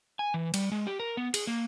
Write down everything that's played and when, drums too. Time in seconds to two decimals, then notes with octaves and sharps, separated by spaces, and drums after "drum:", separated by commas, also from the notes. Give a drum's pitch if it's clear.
0.19 G#5
0.34 E3
0.54 G3, drum: cymbal
0.72 G#3
0.87 G4
1.00 A#4
1.17 B3
1.34 G#4, drum: cymbal
1.47 A#3